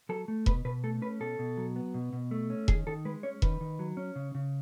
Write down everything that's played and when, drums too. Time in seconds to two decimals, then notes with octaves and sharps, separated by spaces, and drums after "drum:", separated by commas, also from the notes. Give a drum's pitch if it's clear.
0.09 F#3 A4
0.28 A3
0.46 B2 B4, drum: kick E1
0.65 B2 B4
0.84 A3 A4
1.02 C#4 B4
1.20 B2 A4
1.39 B2
1.57 F#3
1.76 B3
1.94 B2
2.13 B2
2.31 A3
2.50 C#4
2.68 D#3 G#4, drum: kick E1
2.87 D#3 A4
3.05 G#3 B4
3.23 C#4 C#5
3.42 D#3 B4, drum: kick E1
3.61 D#3
3.79 F#3
3.97 C#4
4.16 C#3
4.35 C#3